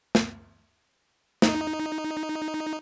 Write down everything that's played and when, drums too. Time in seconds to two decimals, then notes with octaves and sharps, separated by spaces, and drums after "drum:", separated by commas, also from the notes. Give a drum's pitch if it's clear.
0.15 drum: snare
1.42 D#4, drum: snare